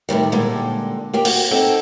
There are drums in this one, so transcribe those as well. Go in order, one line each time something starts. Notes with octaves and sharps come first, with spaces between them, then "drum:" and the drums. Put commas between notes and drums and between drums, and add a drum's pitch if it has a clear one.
A2 C3 D#3 G3
A#2 D3 G3 G#3
A#3 G4
F#4, drum: cymbal
C4 D#4 A4